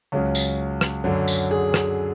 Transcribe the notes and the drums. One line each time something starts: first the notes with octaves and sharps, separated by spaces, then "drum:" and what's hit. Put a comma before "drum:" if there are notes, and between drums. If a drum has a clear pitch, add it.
C#2 C#3 F#3
drum: tambourine
drum: rim click
F#2 D3 F#3
drum: tambourine
G#4
drum: rim click